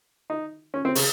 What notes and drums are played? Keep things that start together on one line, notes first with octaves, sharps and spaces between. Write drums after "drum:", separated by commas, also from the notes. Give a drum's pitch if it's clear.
D#4
C#4
C4
C#3, drum: open hi-hat